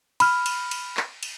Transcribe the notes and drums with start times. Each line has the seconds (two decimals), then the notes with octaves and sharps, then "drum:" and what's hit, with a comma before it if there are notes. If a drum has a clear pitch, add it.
0.20 B5 F6, drum: cymbal
0.46 drum: cymbal
0.71 drum: cymbal
0.97 drum: clap
1.23 drum: cymbal